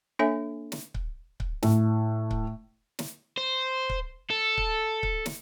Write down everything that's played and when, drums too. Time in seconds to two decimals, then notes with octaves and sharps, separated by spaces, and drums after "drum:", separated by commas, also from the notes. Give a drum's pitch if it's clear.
0.19 A#3 D4 A4 C#5 E5 G#5
0.72 drum: snare
0.94 drum: kick C#1
1.40 drum: kick C#1
1.63 A2, drum: snare
2.31 drum: kick C#1
2.99 drum: snare
3.37 C5
3.89 drum: kick C#1
4.30 A4
4.58 drum: kick C#1
5.03 drum: kick C#1
5.26 drum: snare